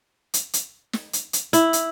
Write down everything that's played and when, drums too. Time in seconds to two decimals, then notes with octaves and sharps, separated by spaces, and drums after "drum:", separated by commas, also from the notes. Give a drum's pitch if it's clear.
0.34 drum: hi-hat
0.53 drum: hi-hat
0.93 drum: snare
1.13 drum: hi-hat
1.33 drum: hi-hat
1.53 E4, drum: hi-hat
1.73 drum: hi-hat